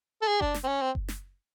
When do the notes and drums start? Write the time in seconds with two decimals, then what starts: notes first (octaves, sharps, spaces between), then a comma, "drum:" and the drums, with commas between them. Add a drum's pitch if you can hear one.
0.22 A4
0.28 G#4
0.41 D4, drum: kick F#1
0.54 drum: snare
0.64 C4
0.68 C#4
0.82 C4
0.95 drum: kick F#1
1.08 drum: snare